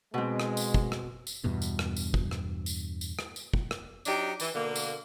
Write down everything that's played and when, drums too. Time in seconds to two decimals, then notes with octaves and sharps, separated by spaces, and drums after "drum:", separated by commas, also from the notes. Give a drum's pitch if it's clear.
0.14 B2 G#3 C4
0.40 drum: rim click
0.57 drum: tambourine
0.74 drum: kick
0.92 drum: rim click
1.27 drum: tambourine
1.44 E2 G2 B2
1.62 drum: tambourine
1.79 drum: rim click
1.97 drum: tambourine
2.14 drum: kick
2.31 drum: rim click
2.66 drum: tambourine
3.01 drum: tambourine
3.19 drum: rim click
3.36 drum: tambourine
3.53 drum: kick
3.71 drum: rim click
4.05 F#3 D4 D#4 G4, drum: tambourine
4.40 E3, drum: tambourine
4.54 B2 D3 A#3
4.76 drum: tambourine